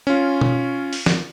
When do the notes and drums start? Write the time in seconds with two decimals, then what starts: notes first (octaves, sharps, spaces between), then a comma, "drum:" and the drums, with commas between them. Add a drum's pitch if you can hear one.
0.07 C#4 F4
0.41 drum: tom B2
0.93 drum: open hi-hat
1.06 drum: snare